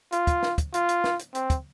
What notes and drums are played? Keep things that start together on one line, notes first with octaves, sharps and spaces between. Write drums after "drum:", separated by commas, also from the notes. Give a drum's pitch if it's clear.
F4, drum: hi-hat
drum: kick, hi-hat
drum: snare
drum: kick, hi-hat
F4, drum: hi-hat
drum: hi-hat
drum: snare
drum: hi-hat
C4, drum: hi-hat
drum: kick, hi-hat